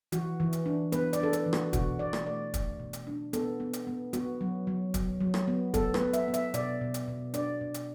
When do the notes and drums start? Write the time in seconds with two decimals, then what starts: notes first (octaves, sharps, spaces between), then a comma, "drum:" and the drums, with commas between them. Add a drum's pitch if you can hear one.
0.12 E3 F#4, drum: hi-hat
0.40 E3
0.53 drum: hi-hat
0.66 D4
0.92 B3 B4, drum: hi-hat
1.13 D5, drum: hi-hat
1.19 D4 A4
1.33 B4, drum: hi-hat
1.46 E3
1.53 F#4, drum: rim click
1.73 B2 F#4, drum: kick, hi-hat
1.99 B2 D5
2.13 drum: rim click
2.26 A3 D5
2.54 B2, drum: kick, hi-hat
2.80 B2
2.93 drum: hi-hat
3.07 D4
3.33 B3 A4, drum: hi-hat
3.60 B3
3.73 drum: hi-hat
3.87 B3
4.13 B3 F#4, drum: hi-hat
4.41 F#3
4.67 F#3
4.94 F#3, drum: kick, hi-hat
5.20 F#3
5.34 drum: rim click
5.48 B3
5.74 B3 A4, drum: kick, hi-hat
5.94 B4, drum: rim click
6.01 B3
6.13 E5, drum: hi-hat
6.28 B3
6.34 E5, drum: hi-hat
6.54 B2 D5, drum: hi-hat
6.81 B2
6.94 drum: hi-hat
7.08 B2
7.34 D4 D5, drum: hi-hat
7.61 B2
7.74 drum: hi-hat